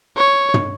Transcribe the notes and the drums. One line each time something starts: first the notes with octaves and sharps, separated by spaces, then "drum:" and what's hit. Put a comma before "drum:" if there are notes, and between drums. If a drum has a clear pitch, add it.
C#5
drum: tom